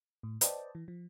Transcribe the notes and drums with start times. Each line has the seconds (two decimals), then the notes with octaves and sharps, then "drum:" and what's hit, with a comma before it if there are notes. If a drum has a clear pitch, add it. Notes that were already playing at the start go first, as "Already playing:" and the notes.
0.23 A2
0.41 B4 C5 D5 D#5 G5 A5, drum: hi-hat
0.75 E3
0.88 F3